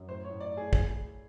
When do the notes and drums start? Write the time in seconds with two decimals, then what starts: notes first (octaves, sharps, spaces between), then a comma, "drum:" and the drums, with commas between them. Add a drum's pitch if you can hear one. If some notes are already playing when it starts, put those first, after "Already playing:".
Already playing: F#2
0.08 A2 C5
0.24 C#5
0.30 A2
0.40 D5
0.51 A2
0.57 G#4
0.73 G#4, drum: kick